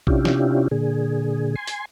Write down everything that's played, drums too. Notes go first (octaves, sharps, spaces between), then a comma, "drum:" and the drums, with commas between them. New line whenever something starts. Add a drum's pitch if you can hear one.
C3 C#4 D4 E4 F4 G4, drum: kick A#1
drum: snare
A#2 D3 G#4
G#5 C6
drum: hi-hat